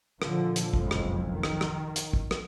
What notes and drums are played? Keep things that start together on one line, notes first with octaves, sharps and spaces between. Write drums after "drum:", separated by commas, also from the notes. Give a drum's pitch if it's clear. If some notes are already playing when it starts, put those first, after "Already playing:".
A#2 D3 F3, drum: rim click
drum: hi-hat
F#1 B1 F2 A2 G#3, drum: kick
drum: rim click
D#3
drum: rim click
drum: rim click
drum: hi-hat
drum: kick
drum: rim click